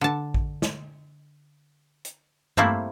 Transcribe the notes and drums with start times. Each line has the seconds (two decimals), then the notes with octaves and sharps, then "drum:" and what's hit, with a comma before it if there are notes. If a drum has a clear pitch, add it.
0.01 D3 A5
0.34 drum: kick A1
0.62 drum: snare
2.05 drum: hi-hat
2.57 G3 A3 A#3 C4 E4, drum: tom G2